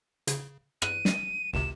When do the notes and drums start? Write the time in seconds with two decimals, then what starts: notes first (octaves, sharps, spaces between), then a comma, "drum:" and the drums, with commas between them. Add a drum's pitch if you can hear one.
0.27 C#3, drum: hi-hat
0.82 F#6 D#7, drum: rim click
1.05 drum: snare
1.53 G#1 C#2 C3 E7